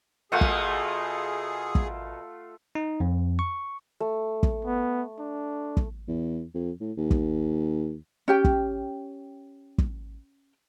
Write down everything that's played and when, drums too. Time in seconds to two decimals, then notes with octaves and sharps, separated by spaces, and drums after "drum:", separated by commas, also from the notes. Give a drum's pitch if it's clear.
0.32 B2 A3 A#3 F4 G#4 F#5
0.41 drum: kick
1.75 drum: kick
2.75 D#4
3.00 F2
3.39 C#6
4.00 A3
4.43 drum: kick
4.65 B3
5.19 D4
5.77 drum: kick
6.07 E2
6.54 F2
6.80 A2
6.97 D#2
7.11 drum: kick
8.28 C#4 G4 G5
8.44 drum: kick
9.78 drum: kick